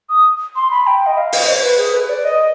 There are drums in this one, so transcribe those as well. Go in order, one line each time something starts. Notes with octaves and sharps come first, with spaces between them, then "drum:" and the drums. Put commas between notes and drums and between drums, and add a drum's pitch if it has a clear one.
D#6
C6
B5
G5
D#5
F5
D#5, drum: open hi-hat
C5
B4
G#4
B4
D5
D#5